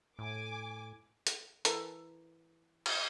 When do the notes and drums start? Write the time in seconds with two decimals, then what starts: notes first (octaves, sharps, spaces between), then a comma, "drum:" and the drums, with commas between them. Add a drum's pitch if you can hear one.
0.19 A2 G#5 D6
1.27 drum: hi-hat
1.65 E3 A4 A#4, drum: hi-hat
2.86 drum: cymbal